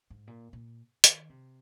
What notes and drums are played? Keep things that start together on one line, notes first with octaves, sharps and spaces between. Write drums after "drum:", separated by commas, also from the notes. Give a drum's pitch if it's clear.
G#2
A#2
A#2
D#3, drum: hi-hat
C3